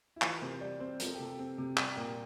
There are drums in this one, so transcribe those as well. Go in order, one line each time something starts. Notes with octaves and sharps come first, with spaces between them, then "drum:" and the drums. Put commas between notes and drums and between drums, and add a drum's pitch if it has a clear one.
E4
E3 F4, drum: clap
A#4
C3 C5
C5
G3 D5
C4 C5
F3 A#4, drum: hi-hat
A4
G4
C3 A4
C4
C3
G3 G4, drum: clap
A#2 A#4